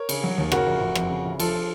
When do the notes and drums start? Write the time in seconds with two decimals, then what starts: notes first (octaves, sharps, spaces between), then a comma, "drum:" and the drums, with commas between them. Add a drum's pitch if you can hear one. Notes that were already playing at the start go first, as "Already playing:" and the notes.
Already playing: A#4 C#5
0.09 C#3, drum: cymbal
0.24 F#3
0.38 D#2
0.52 C#3 F#4 A#4, drum: rim click
0.67 F1
0.81 F1
0.95 F2, drum: rim click
1.11 C#3
1.25 F1
1.40 F3 F4 A4, drum: cymbal